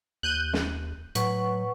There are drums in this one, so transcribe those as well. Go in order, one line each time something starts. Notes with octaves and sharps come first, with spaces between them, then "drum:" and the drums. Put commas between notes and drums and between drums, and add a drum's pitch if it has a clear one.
D#2 F#6 G6 D#7
drum: snare
A2 F#3 B4 F#5 C#6, drum: hi-hat